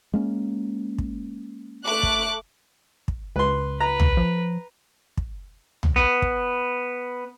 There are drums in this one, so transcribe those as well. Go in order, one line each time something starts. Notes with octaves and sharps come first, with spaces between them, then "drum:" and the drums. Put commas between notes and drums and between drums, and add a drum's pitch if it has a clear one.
G#3 A#3 C#4
drum: kick
A3 D6 F#6
drum: kick
drum: kick
C#2 B4 C6
B4 A#5
drum: tom
F3
drum: kick
drum: tom
B3
drum: kick